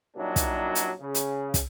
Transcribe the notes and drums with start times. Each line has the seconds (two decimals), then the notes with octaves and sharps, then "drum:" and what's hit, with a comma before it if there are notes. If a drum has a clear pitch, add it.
0.16 F#2 A#2 F#3 G3 D4 D#4
0.36 drum: kick, hi-hat
0.75 drum: hi-hat
1.01 C#3
1.15 drum: hi-hat
1.54 drum: kick, hi-hat